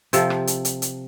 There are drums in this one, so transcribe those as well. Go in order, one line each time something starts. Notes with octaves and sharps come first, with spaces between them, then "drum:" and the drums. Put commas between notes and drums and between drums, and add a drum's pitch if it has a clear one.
C3 F3 A4, drum: hi-hat
drum: rim click
drum: hi-hat
drum: hi-hat
drum: hi-hat